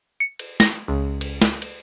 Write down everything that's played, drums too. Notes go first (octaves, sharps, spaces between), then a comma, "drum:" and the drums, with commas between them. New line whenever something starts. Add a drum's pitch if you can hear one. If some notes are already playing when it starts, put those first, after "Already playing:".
C#7
drum: cymbal
A#6, drum: snare
C#2
drum: cymbal
drum: snare
drum: cymbal